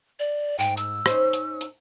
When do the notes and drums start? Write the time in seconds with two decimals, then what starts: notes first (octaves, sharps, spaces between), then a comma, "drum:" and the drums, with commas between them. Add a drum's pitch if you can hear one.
0.19 D5
0.59 G#2 G5
0.77 E6, drum: hi-hat
1.06 C#4 D#4 C5, drum: rim click
1.33 drum: hi-hat
1.61 drum: hi-hat